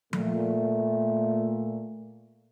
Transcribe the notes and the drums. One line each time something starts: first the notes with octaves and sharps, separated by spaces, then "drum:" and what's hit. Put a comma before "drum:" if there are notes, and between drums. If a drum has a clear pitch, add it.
A#2 A3, drum: tom F3